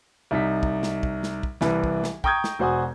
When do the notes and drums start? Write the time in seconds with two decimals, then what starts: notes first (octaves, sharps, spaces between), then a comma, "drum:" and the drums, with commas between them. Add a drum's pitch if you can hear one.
0.31 C2 D#4 B6
0.63 drum: kick
0.83 drum: snare
1.03 drum: kick
1.23 drum: snare
1.43 drum: kick
1.61 C2 E3, drum: snare
1.84 drum: kick
2.04 drum: snare
2.24 G5 A#5 C#6 D#6 G6 G#6, drum: kick
2.44 drum: snare
2.59 E1 F#4 C5 F#5 G#5 D#6